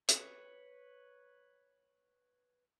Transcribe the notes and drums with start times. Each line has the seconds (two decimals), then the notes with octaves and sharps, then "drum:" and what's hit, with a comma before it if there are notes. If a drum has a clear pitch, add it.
0.09 B4 C#5, drum: hi-hat